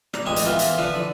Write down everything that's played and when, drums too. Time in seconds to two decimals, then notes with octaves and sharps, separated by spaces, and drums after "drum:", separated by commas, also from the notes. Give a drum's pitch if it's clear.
0.14 D5 A#5, drum: rim click
0.25 A1 F2 G#3 G4 G#5 D#6
0.36 drum: hi-hat
0.46 E3 B3 C4 F4 A#4 E5
0.59 drum: hi-hat
0.78 D3 F3 E4 B4 E5 F5
0.94 D3 D5